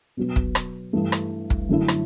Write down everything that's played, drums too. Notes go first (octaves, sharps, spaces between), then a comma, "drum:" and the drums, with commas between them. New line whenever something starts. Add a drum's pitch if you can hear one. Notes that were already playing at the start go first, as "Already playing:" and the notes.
B2 F#3 B3
drum: kick
drum: rim click
G2 E3 A3
drum: rim click
drum: kick
F#2 D3 A3 C#4 E4
drum: rim click